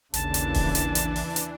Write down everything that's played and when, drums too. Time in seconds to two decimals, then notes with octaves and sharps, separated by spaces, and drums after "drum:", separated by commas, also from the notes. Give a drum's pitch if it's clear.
0.14 A1 D#2 C#3 E3 D4 A5, drum: hi-hat
0.34 drum: hi-hat
0.54 drum: kick D#1, open hi-hat
0.75 drum: hi-hat
0.95 drum: hi-hat
1.16 drum: open hi-hat
1.36 drum: hi-hat